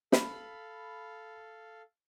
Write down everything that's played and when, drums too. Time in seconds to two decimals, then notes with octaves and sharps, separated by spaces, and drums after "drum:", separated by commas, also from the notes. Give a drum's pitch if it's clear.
0.12 A4 F5 B5, drum: snare